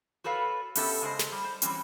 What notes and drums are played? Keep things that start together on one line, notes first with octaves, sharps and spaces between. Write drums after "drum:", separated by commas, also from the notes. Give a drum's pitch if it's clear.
F#4 A4 B4 C#5 F5
B3 C#4 G4 A4 E5, drum: open hi-hat
C#3 G#3 C5 D#5
drum: snare
G3
C5
E3 F#3 G3 C4 C#4, drum: hi-hat